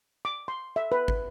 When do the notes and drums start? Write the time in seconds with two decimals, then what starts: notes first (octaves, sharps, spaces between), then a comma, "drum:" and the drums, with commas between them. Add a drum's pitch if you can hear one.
0.25 D6
0.48 C6
0.76 E5
0.92 B4
1.08 drum: kick